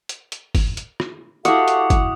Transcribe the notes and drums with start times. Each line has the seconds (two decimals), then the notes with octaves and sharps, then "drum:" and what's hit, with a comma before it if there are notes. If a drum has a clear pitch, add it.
0.09 drum: hi-hat
0.32 drum: hi-hat
0.55 drum: kick, open hi-hat
0.77 drum: hi-hat
1.00 drum: rim click
1.45 E4 F#4 G4 A4 F5 F#5 D6 D#6, drum: hi-hat
1.68 drum: hi-hat
1.90 drum: kick, hi-hat